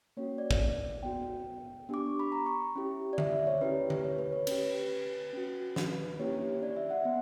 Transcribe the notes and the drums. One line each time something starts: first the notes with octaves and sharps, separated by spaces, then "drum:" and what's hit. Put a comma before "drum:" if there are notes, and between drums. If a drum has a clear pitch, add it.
A#3 C#4 F#4 C#5
D5
drum: kick
B3 F#4 G5
B3 D4 G4 D6
C#6
B5
A#5
C#6
C#4 E4 G4
D5
E5, drum: tom D3
C#5
C#4 E4 G4 B4
drum: tom D3
C#5
B4
C#5
C#4 G4 B4, drum: cymbal
B4
C#4 F#4
B4, drum: snare
A#3 C#4 E4 G4 C#5
D5
E5
F#5
B3